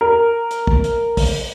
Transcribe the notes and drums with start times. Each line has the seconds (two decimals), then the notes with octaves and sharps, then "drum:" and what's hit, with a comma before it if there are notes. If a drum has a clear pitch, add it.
0.01 A#4
0.51 drum: hi-hat
0.67 drum: kick
0.84 drum: hi-hat
1.17 drum: kick, open hi-hat